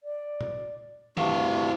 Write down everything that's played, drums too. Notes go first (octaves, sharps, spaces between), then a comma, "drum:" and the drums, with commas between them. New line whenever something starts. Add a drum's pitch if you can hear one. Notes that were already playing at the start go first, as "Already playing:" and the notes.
D5
drum: tom A#2
D2 G2 C3 E4 F5 C#6, drum: tom D#3